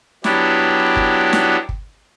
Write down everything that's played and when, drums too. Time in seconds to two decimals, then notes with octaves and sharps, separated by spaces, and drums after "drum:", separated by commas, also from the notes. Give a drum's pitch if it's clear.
0.24 F#3 B3 D4 E4 G4, drum: snare
0.96 drum: kick
1.33 drum: snare
1.69 drum: kick